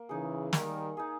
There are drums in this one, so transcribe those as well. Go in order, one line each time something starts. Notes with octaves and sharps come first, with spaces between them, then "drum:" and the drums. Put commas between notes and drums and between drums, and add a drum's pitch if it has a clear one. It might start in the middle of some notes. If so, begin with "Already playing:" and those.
Already playing: A#3
C#3 E3 D#4 G#4
D#3 G3 A#3, drum: snare
D#4 G#4